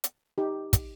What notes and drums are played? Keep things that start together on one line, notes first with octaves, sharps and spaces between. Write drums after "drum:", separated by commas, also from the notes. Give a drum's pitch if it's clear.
drum: hi-hat
D#4 G4
drum: kick, hi-hat